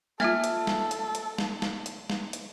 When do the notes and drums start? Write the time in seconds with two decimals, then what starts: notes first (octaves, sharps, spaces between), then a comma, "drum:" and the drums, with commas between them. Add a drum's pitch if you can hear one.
0.20 A#3 F4 A4 E5 F6 G#6, drum: snare
0.44 drum: hi-hat
0.67 drum: snare
0.91 drum: hi-hat
1.15 drum: hi-hat
1.38 drum: snare
1.62 drum: snare
1.86 drum: hi-hat
2.10 drum: snare
2.33 drum: hi-hat